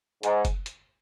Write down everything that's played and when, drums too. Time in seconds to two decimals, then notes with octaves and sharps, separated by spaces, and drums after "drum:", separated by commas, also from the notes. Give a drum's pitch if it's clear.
0.23 G#2, drum: hi-hat
0.45 drum: kick F#1, hi-hat
0.66 drum: hi-hat